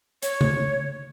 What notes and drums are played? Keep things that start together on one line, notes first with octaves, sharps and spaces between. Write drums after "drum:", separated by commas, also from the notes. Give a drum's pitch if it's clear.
C#5, drum: hi-hat
drum: tom C#3